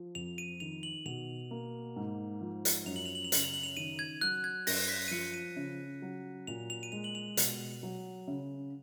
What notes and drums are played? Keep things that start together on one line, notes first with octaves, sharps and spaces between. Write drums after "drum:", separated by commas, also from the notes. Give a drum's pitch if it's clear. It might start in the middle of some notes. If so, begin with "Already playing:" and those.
Already playing: F3
F2 F7
D#7
D#3 F7
F#7
B2 F7
A#3
G#2
F3
drum: hi-hat
F#2 F7
F#7
F7
F#7
F7
C#3 F#7, drum: hi-hat
F7
F#7
F7
D#3 D#7
G#6
F#3 F#6
G#6
F#2 A#6, drum: open hi-hat
B6
D#7
F3 C#7
D#7
C#3
F#3
A#2 F7
F7
D#7
G#3 F7
F#7
F7
B2 F7, drum: hi-hat
F#3
C#3